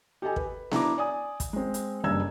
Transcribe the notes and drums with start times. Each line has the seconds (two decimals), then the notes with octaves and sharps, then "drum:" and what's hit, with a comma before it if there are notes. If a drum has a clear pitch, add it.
0.22 G4 A4 D#5 G#5
0.36 B4, drum: kick
0.71 D4 E4 A#5 D6, drum: snare B3
0.98 D5 G#5 D#6
1.40 drum: kick, hi-hat
1.53 G#3 C4
1.74 drum: hi-hat
2.04 F#1 G2 G3 D4 E6 G#6